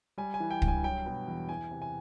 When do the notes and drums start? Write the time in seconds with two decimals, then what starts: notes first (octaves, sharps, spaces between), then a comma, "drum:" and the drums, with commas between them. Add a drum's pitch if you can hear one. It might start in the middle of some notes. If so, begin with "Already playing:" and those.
0.18 G3 G#5
0.34 G#5
0.40 E3
0.51 G5
0.62 G2, drum: kick
0.68 G#5
0.83 F#3 G5
1.06 B2
1.28 E2
1.49 E3 G#5
1.71 C3
1.82 G#5